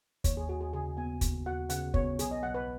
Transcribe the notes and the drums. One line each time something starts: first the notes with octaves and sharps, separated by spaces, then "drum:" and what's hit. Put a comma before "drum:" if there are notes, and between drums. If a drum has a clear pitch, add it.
D#2 C#5, drum: kick, hi-hat
G#4
F#4 G#4
G#4
C#3 G#4
B3 G#5
D#2, drum: kick, hi-hat
F#4 F#5
C#3 F#5, drum: hi-hat
B3 C#5, drum: kick
B1 G#4, drum: hi-hat
D#5
B1 F#5
B4